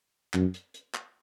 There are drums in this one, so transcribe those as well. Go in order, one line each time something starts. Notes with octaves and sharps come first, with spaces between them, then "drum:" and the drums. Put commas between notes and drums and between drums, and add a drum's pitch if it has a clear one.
F#2, drum: clap
drum: hi-hat
drum: hi-hat
drum: clap